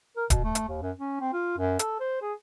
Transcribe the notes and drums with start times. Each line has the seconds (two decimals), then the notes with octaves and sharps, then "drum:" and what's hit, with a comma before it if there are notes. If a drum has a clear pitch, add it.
0.16 A#4
0.30 B2, drum: kick D1, hi-hat
0.44 A3
0.55 drum: hi-hat
0.68 D#2
0.82 F#2
0.97 C#4
1.21 C4
1.33 F4
1.58 F#2
1.79 A4, drum: hi-hat
2.00 C5
2.22 G#4